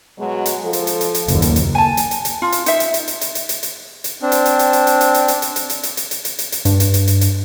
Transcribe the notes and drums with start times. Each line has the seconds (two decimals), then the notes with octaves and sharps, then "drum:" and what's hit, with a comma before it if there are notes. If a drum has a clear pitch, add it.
0.19 B2 F#3 G#3
0.46 drum: hi-hat
0.64 F3 A4
0.73 drum: hi-hat
0.87 drum: hi-hat
1.01 drum: hi-hat
1.14 drum: hi-hat
1.28 F#1 D#2, drum: hi-hat
1.42 drum: hi-hat
1.56 drum: hi-hat
1.75 G#5 A5
1.97 drum: hi-hat
2.11 drum: hi-hat
2.25 drum: hi-hat
2.42 F4
2.52 drum: hi-hat
2.66 D#4 E5, drum: hi-hat
2.80 drum: hi-hat
2.94 drum: hi-hat
3.08 drum: hi-hat
3.21 drum: hi-hat
3.35 drum: hi-hat
3.49 drum: hi-hat
3.63 drum: hi-hat
4.04 drum: hi-hat
4.22 C4 D4
4.32 drum: hi-hat
4.45 drum: hi-hat
4.59 drum: hi-hat
4.73 drum: hi-hat
4.87 drum: hi-hat
5.01 drum: hi-hat
5.14 drum: hi-hat
5.28 drum: hi-hat
5.42 drum: hi-hat
5.56 drum: hi-hat
5.70 drum: hi-hat
5.83 drum: hi-hat
5.97 drum: hi-hat
6.11 drum: hi-hat
6.25 drum: hi-hat
6.39 drum: hi-hat
6.52 drum: hi-hat
6.65 G2, drum: hi-hat
6.80 drum: hi-hat
6.94 drum: hi-hat
7.08 drum: hi-hat
7.21 drum: hi-hat